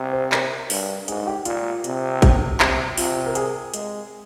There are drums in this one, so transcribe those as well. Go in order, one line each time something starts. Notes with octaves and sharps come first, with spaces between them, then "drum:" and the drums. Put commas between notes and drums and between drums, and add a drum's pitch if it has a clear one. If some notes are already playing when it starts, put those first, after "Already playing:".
Already playing: C3
C5
A#4, drum: clap
G2, drum: open hi-hat
G#2 G#4, drum: hi-hat
G4
A#2 F4, drum: hi-hat
C3, drum: hi-hat
G4, drum: kick, hi-hat
C3, drum: clap
C3 F4, drum: open hi-hat
A#4
G#4, drum: hi-hat
G#3, drum: hi-hat